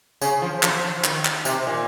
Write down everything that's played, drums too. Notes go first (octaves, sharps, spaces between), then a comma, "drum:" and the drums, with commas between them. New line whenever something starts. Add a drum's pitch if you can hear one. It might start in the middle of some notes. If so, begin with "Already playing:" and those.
C#3, drum: tambourine
F3
F3, drum: clap
F3
D#3, drum: clap
drum: clap
C3, drum: tambourine
A#2